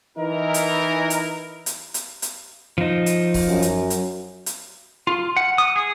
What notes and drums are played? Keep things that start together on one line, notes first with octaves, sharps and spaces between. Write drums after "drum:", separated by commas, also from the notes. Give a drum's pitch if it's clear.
E3 D#4 E4 A#4
drum: hi-hat
drum: hi-hat
drum: hi-hat
drum: hi-hat
drum: hi-hat
F3 D#4
drum: hi-hat
drum: kick C#1, open hi-hat
F#2
drum: hi-hat
drum: hi-hat
drum: hi-hat
F4
F#5
D#6
G#4